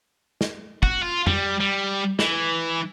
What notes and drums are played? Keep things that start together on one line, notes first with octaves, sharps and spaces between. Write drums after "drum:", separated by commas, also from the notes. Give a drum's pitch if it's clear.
drum: snare
F#4, drum: kick
F4
G3, drum: tom F2
G3
E3, drum: snare